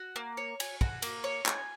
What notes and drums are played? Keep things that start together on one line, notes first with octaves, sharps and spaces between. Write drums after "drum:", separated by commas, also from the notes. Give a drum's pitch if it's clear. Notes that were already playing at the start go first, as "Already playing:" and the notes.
Already playing: F#4
A#3
C#5
G#5, drum: cymbal
F#4, drum: kick
A#3, drum: cymbal
C#5
G#5, drum: clap